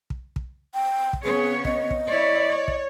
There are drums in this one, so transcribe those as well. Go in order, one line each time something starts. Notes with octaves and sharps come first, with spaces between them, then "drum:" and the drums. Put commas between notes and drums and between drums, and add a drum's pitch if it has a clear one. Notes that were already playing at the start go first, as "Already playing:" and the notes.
drum: kick
drum: kick
G5
drum: kick
C#3 B3 C4 G#4 C#5
D#5, drum: kick
drum: kick
E4 C#5 D5
C#5
drum: kick